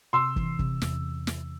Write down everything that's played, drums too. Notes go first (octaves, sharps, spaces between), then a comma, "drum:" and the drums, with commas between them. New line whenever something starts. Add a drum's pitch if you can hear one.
C3 C6 E6
E3, drum: kick
C3, drum: kick
E2, drum: snare
C3
E2, drum: snare